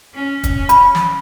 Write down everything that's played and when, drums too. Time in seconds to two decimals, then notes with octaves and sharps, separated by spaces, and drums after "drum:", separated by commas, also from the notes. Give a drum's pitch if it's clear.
0.15 C#4
0.44 drum: kick, hi-hat
0.69 B5, drum: hi-hat
0.95 drum: snare